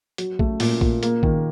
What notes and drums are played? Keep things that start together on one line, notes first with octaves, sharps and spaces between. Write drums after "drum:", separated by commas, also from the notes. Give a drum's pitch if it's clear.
F#3, drum: hi-hat
A3, drum: kick A#1
A#2, drum: open hi-hat
A#2, drum: kick A#1
A#3, drum: hi-hat
D#3, drum: kick A#1